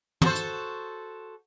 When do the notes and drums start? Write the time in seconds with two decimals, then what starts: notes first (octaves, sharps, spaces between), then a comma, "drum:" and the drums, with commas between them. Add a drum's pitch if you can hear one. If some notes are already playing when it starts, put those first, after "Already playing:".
0.22 F#4 A4 C5, drum: tom
0.35 drum: hi-hat